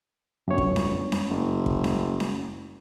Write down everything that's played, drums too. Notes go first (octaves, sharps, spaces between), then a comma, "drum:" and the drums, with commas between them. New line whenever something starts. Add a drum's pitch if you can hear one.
G1 F#2 C#5
drum: kick
drum: snare C#4
drum: snare C#4
F#1
drum: kick
drum: snare C#4
drum: snare C#4